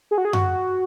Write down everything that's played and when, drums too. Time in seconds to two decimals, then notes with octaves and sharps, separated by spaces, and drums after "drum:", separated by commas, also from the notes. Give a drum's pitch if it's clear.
0.11 G#4
0.18 F#4
0.25 G#4
0.33 F#4, drum: tom F#2